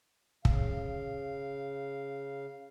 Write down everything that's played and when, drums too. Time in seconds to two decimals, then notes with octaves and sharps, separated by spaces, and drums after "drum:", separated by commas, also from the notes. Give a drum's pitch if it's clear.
0.45 C#3 F5, drum: kick